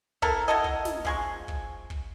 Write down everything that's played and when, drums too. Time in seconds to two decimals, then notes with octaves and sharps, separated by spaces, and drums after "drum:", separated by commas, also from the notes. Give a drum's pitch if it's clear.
0.22 C4 E4 A4 A#4, drum: kick
0.48 E4 F#4 A4 D#5
0.64 drum: kick
0.85 drum: snare
1.05 F3 G#3 C#6, drum: kick
1.48 drum: kick
1.90 drum: kick